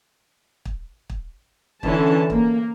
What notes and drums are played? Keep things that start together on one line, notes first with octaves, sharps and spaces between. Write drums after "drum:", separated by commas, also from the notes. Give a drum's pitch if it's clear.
drum: kick
drum: kick
D3 E3 C#4 A5, drum: kick
A#3, drum: kick